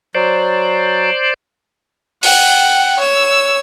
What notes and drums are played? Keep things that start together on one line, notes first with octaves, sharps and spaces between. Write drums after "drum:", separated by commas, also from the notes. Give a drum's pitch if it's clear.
F#3 C5 D5
F#5 G5, drum: open hi-hat
C#5 E6